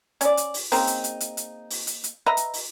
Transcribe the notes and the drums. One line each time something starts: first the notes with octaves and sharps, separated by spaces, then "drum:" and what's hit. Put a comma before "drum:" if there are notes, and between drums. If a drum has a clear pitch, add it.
C#4 D5, drum: hi-hat
drum: hi-hat
drum: open hi-hat
C#3 A#3 C4 D#4, drum: open hi-hat
drum: hi-hat
drum: hi-hat
drum: hi-hat
drum: hi-hat
drum: open hi-hat
drum: hi-hat
drum: hi-hat
B4 D#5 E5 A#5
drum: hi-hat
drum: open hi-hat